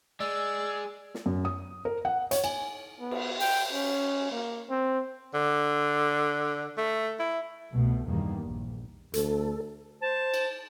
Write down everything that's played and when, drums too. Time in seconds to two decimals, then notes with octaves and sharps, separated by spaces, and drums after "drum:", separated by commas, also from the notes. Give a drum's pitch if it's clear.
0.20 G#3 D5 E6
1.15 drum: snare
1.26 F#2
1.45 D#6
1.85 A#4
2.05 F#5
2.31 C#5, drum: hi-hat
2.44 G#5, drum: cymbal
3.01 B3
3.11 drum: cymbal
3.40 G5, drum: open hi-hat
3.73 C#4
4.32 A#3
4.70 C4
5.34 D3
6.78 A3
7.19 E4
7.72 C2 B2 A3
8.06 E2 G2 D#3 G3 A#3
8.43 A#1
9.14 D2 A4, drum: hi-hat
10.01 C5 A5
10.34 drum: cymbal